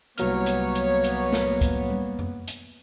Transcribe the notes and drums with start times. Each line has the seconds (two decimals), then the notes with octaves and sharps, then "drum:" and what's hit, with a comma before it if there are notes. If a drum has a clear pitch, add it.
0.18 C2 F#3 A#3 B3 C#5 F6, drum: hi-hat
0.46 drum: hi-hat
0.75 drum: hi-hat
1.04 drum: hi-hat
1.33 drum: snare
1.61 drum: kick, hi-hat
1.90 drum: tom G3
2.19 drum: tom F2
2.48 drum: hi-hat